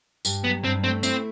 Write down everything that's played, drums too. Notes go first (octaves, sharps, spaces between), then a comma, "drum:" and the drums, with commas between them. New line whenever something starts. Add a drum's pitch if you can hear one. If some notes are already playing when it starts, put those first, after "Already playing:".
G2, drum: tambourine
F#3 B3
G2 C4
A3 C4
C4 E4, drum: tambourine